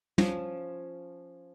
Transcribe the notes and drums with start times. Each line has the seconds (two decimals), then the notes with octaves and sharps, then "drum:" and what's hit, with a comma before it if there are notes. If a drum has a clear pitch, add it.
0.18 F3 C#4, drum: tom